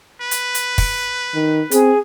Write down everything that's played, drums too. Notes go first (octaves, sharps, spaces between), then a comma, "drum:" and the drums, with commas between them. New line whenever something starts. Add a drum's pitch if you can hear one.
B4
drum: hi-hat
drum: hi-hat
drum: kick, open hi-hat
D#3
C4 G#4, drum: hi-hat